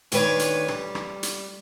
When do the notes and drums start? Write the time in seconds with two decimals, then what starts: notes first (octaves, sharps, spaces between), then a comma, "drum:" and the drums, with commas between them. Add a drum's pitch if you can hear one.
0.12 D2 D#3 D4 B4 C#5, drum: hi-hat
0.39 drum: hi-hat
0.68 G3, drum: rim click
0.95 drum: rim click
1.23 drum: hi-hat